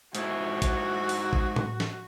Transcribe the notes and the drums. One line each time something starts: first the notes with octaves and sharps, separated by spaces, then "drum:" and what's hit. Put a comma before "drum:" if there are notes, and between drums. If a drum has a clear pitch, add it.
G#2 E4 F#4, drum: hi-hat
drum: kick, hi-hat
drum: open hi-hat
drum: kick
drum: tom A2
drum: snare